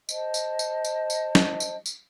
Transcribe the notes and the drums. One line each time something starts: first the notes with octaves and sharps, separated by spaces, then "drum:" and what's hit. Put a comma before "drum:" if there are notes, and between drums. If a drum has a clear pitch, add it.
C5 D#5 A5, drum: tambourine
drum: tambourine
drum: tambourine
drum: tambourine
drum: tambourine
drum: snare
drum: tambourine
drum: tambourine